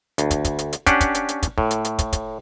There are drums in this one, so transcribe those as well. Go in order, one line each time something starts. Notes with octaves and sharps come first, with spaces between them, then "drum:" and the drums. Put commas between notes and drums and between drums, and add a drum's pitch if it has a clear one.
D2, drum: hi-hat
drum: kick, hi-hat
drum: kick, hi-hat
drum: hi-hat
drum: hi-hat
C#4 D4 G4 F#5, drum: kick, hi-hat
drum: kick, hi-hat
drum: hi-hat
drum: hi-hat
drum: kick, hi-hat
A2, drum: kick
drum: hi-hat
drum: hi-hat
drum: kick, hi-hat
drum: kick, hi-hat